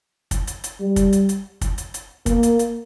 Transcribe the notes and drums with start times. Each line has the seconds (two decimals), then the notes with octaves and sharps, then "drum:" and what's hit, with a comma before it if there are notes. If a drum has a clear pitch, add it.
0.31 drum: kick, hi-hat
0.47 drum: hi-hat
0.64 drum: hi-hat
0.81 G3
0.96 drum: kick, hi-hat
1.13 drum: hi-hat
1.29 drum: hi-hat
1.61 drum: kick, hi-hat
1.78 drum: hi-hat
1.94 drum: hi-hat
2.26 A#3, drum: kick, hi-hat
2.43 drum: hi-hat
2.59 drum: hi-hat